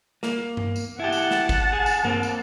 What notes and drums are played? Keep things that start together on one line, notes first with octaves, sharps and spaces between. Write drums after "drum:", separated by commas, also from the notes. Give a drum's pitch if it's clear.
A#3, drum: snare
drum: tom G2
drum: tambourine
E4 G4 F#5 A5
drum: tambourine
drum: snare
drum: kick G#1, tambourine
G#4
drum: tambourine
A#3 C4, drum: tom G2
drum: tambourine